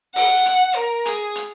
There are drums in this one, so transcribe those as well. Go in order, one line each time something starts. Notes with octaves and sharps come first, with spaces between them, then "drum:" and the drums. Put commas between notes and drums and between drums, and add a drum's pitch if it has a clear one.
F#5, drum: open hi-hat
drum: hi-hat
A#4
G#4, drum: hi-hat
drum: hi-hat